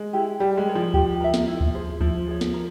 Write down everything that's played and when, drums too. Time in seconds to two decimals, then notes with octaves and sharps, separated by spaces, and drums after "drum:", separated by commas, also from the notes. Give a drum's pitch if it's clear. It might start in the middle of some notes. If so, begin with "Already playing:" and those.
Already playing: G#3
0.13 E4 G4
0.40 G3 G4
0.57 G#3
0.67 A#4 C#5
0.75 F3
0.94 G4, drum: kick D2
1.21 A#4 E5
1.34 drum: snare
1.48 E4
1.61 drum: kick D2
1.74 G#4 C5
2.01 F3 E4, drum: kick D2
2.28 G#4 C#5
2.41 drum: snare
2.54 A#4